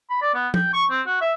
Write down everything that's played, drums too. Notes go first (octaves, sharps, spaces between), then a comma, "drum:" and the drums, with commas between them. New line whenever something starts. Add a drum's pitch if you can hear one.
B5
D5
B3
G5, drum: tom
C#6
C4
F#4
E5